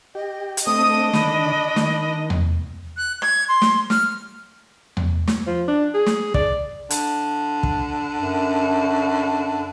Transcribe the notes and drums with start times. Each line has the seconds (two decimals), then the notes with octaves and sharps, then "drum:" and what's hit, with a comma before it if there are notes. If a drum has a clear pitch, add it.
0.15 G4 D#5
0.57 drum: hi-hat
0.67 A3 C4 D4 D#5 D#6
1.13 D3 D#3 B5, drum: snare
1.76 D#3, drum: snare
2.30 drum: tom E2
2.97 F#6
3.22 G#6, drum: rim click
3.49 C6
3.62 drum: snare
3.90 F6, drum: snare
4.97 drum: tom E2
5.28 drum: snare
5.47 F3
5.68 D4
5.94 G#4
6.06 drum: snare
6.34 D5, drum: kick
6.90 D3, drum: hi-hat
7.63 drum: kick
8.20 F#2